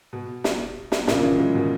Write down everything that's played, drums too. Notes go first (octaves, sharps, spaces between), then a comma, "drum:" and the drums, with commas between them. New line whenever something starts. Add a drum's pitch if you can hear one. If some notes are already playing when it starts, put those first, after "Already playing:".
B2
drum: snare
drum: snare
A#2 C#3, drum: snare
D#3
C#3 E3
G#3
D#3 F#3
B2 D#3